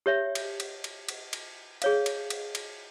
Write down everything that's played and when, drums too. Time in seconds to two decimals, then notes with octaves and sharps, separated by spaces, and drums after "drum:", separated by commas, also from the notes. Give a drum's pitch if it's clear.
0.06 G4 C#5 E5
0.35 drum: cymbal
0.60 drum: cymbal
0.84 drum: cymbal
1.09 drum: cymbal
1.33 drum: cymbal
1.82 G#4 C#5 F5, drum: cymbal
2.06 drum: cymbal
2.30 drum: cymbal
2.55 drum: cymbal